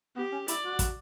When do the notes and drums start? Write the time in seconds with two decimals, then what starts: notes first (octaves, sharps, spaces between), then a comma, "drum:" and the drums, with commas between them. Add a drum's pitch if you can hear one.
0.16 B3 G4
0.32 C#4
0.48 E4 D5, drum: hi-hat
0.64 F#4
0.79 drum: kick, hi-hat